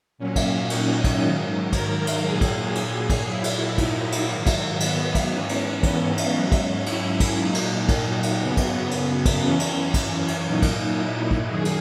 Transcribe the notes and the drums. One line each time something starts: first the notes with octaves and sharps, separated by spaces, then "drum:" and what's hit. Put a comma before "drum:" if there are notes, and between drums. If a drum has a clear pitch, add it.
A#2 F#3 C#4
drum: kick, cymbal
D#4, drum: cymbal
drum: kick, cymbal
G#2 D#3 F#3
A#4, drum: kick, cymbal
drum: cymbal
A#2 F#3 G#4
drum: kick, cymbal
drum: cymbal
drum: kick, cymbal
A#2 F#3 E4
drum: cymbal
D#4, drum: kick, cymbal
drum: cymbal
G#2 D#3 F#3
drum: kick, cymbal
B3, drum: cymbal
drum: kick, cymbal
G#2 E3 C#4
drum: cymbal
B3, drum: kick, cymbal
drum: cymbal
G#2 F#3 C#4
drum: kick, cymbal
E4, drum: cymbal
drum: kick, cymbal
A#2 F#3 D#4
drum: cymbal
drum: kick, cymbal
drum: cymbal
F#2 C#3 F#3 B3
drum: kick, cymbal
drum: cymbal
drum: kick, cymbal
F#2 E3 C#4
drum: cymbal
drum: kick, cymbal
drum: cymbal
A#2 F#3 D#4
drum: kick, cymbal
E4
drum: kick
F#2 D#3 F#3 G#4
drum: cymbal